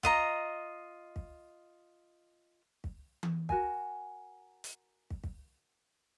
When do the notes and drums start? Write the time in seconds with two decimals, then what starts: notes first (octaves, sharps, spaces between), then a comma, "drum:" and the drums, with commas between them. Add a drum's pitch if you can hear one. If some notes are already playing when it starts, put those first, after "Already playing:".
0.03 F4 D#5 A#5, drum: kick
1.16 drum: kick
2.84 drum: kick
3.23 drum: tom E3
3.49 F#4 A#4 G#5, drum: kick
4.64 drum: hi-hat
5.10 drum: kick
5.24 drum: kick